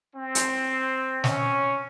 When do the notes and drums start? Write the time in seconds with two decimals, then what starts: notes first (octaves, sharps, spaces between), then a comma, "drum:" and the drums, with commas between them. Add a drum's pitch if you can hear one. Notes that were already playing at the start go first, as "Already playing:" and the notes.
0.15 C4
0.35 drum: hi-hat
1.24 C#4, drum: snare